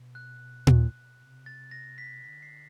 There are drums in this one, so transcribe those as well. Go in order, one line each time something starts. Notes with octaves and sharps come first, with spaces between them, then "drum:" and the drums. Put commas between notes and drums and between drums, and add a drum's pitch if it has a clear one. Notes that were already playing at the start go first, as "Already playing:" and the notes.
Already playing: B2
F#6
drum: tom A#2
C3
A6
A#6
B6
D3 B6
C7